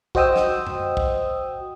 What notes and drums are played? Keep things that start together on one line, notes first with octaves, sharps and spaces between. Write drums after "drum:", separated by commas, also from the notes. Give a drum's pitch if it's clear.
F#4 C5 D#5 G5 D#6 E6, drum: kick
drum: snare
drum: tom F2
drum: kick